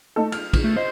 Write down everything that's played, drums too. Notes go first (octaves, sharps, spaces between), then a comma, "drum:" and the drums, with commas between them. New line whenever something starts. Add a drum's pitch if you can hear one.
A3 D#4 A4
F6, drum: cymbal
drum: kick, cymbal
A3
C5 D#5